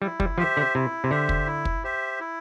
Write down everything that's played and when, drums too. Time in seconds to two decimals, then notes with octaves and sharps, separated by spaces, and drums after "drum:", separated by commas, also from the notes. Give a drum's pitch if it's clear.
0.02 G3 E4
0.20 G3, drum: kick
0.38 F3 G4 C5 E5
0.57 D3
0.75 C3 E4
1.04 C3
1.11 D3 G4 C5 E5
1.29 drum: kick
1.47 E4
1.65 drum: kick
1.84 G4 C5 E5
2.20 E4